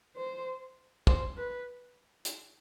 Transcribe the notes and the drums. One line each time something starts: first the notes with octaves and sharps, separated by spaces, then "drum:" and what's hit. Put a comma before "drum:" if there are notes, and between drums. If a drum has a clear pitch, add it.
C5
C5, drum: kick
B4
drum: hi-hat